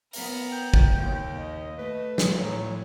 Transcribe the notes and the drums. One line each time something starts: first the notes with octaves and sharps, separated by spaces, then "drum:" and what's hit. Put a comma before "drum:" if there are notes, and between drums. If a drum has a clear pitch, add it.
B3 A#4, drum: open hi-hat
G5 G6
drum: kick
D#2
D#5
A3 B4
drum: snare
A2 F#3 C#5